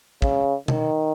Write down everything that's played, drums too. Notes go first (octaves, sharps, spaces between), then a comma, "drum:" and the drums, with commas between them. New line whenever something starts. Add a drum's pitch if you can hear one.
C#3, drum: kick
D#3, drum: tom B2